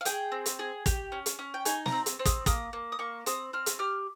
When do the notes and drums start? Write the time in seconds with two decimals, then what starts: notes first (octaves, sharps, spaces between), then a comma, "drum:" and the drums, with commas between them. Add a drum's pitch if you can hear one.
0.01 F5
0.05 G#4 G5, drum: hi-hat
0.32 C4
0.46 drum: hi-hat
0.59 G#4
0.86 G4, drum: kick, hi-hat
1.12 C#4
1.26 drum: hi-hat
1.39 C#4
1.54 G5
1.65 D#4 G#5, drum: hi-hat
1.86 A#5, drum: snare
1.92 C4
2.06 drum: hi-hat
2.19 C4
2.25 D#6, drum: kick, hi-hat
2.46 A#3 D#6, drum: kick, hi-hat
2.73 A#3
2.92 D#6
2.99 A#3 C#6
3.26 C4 D#6, drum: hi-hat
3.53 C4 F6
3.66 drum: hi-hat
3.79 G4 F6